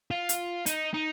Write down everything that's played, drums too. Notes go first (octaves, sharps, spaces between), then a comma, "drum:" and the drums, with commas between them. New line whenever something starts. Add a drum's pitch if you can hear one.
F4
drum: hi-hat
D#4, drum: hi-hat
D#4